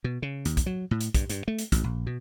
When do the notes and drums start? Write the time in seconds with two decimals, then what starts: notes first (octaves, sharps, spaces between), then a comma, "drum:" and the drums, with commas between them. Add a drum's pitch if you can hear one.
0.04 B2
0.22 C#3
0.45 D#2, drum: hi-hat
0.57 drum: kick, hi-hat
0.66 F#3
0.91 A2
1.01 drum: hi-hat
1.14 G2, drum: kick, hi-hat
1.30 G2, drum: hi-hat
1.48 A3
1.59 drum: hi-hat
1.72 A1, drum: kick, hi-hat
1.84 A#1
2.06 B2